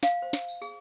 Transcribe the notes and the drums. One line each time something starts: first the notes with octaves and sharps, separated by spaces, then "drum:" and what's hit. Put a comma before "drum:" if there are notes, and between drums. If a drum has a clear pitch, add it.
F5, drum: snare
C5
drum: snare
drum: tambourine
G#4, drum: tambourine